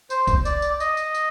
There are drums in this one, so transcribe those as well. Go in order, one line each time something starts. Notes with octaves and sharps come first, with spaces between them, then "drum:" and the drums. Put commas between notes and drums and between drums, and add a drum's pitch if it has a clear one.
C5, drum: tambourine
drum: kick B1, tambourine
D5, drum: tambourine
drum: tambourine
D#5, drum: tambourine
drum: tambourine
drum: tambourine